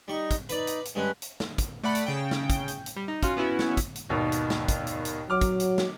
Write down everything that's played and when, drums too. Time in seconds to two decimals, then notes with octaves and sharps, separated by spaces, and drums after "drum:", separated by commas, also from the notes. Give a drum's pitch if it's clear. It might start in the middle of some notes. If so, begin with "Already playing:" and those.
0.08 G3 D#4 C#6
0.31 drum: kick, hi-hat
0.49 D#4 B4 D5, drum: hi-hat
0.67 drum: hi-hat
0.85 drum: hi-hat
0.95 G2 G#3 C#4 B4
1.22 drum: hi-hat
1.40 drum: snare
1.58 drum: kick, hi-hat
1.83 A3 D5 F#5 B5
1.95 drum: hi-hat
2.06 C#3 G5
2.31 drum: snare
2.50 drum: kick, hi-hat
2.68 drum: hi-hat
2.86 drum: hi-hat
2.96 G3
3.08 D#4
3.23 C#4 F4 F#4, drum: kick, hi-hat
3.37 B3 C#4 E4 F#4
3.59 drum: snare
3.77 drum: kick, hi-hat
3.96 drum: hi-hat
4.09 G#1 D#2 B2
4.32 drum: hi-hat
4.50 drum: snare
4.68 drum: kick, hi-hat
4.87 drum: hi-hat
5.05 drum: hi-hat
5.30 F#3 D6 F6
5.41 drum: kick, hi-hat
5.60 drum: hi-hat
5.78 drum: snare